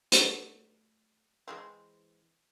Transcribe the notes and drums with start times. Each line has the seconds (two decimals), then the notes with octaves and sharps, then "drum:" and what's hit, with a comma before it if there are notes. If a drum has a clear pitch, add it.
0.12 F#3 A3 D5, drum: hi-hat
1.48 E3 G#3 C4